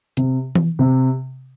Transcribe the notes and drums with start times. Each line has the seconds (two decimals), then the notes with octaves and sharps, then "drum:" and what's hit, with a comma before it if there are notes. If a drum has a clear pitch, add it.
0.17 C3, drum: hi-hat
0.55 drum: tom E3
0.79 C3